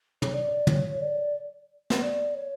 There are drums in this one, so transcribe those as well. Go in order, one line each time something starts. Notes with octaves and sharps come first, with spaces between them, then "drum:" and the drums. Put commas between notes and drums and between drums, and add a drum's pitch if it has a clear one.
C#5, drum: tom
D5
C#5, drum: tom
D5
drum: snare
D5
C#5